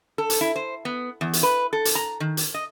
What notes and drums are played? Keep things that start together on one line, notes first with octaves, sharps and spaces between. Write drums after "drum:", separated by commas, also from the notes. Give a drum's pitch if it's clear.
A4
drum: hi-hat
E4
C5
B3
E2
drum: hi-hat
B4
A4
drum: hi-hat
A#5
D#3
drum: hi-hat
D#5